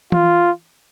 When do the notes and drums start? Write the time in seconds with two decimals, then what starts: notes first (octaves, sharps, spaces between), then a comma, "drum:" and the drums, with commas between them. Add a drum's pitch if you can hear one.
0.12 F4, drum: tom E3